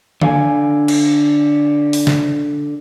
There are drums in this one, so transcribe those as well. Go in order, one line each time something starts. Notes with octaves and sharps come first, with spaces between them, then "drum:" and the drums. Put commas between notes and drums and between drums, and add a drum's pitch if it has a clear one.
D3 F5 G#5, drum: tom D3
drum: cymbal
drum: open hi-hat
drum: snare